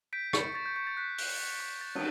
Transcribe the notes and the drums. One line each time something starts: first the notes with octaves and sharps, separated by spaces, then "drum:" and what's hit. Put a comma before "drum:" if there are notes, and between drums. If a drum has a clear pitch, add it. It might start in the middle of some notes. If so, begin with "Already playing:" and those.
G6 B6 D7
C#6 A6 C#7, drum: rim click
C#6 A6
G6
C#6 G6
A6
F#6 B6
F#6, drum: open hi-hat
F#6
C#6
G6 A6
A6, drum: cymbal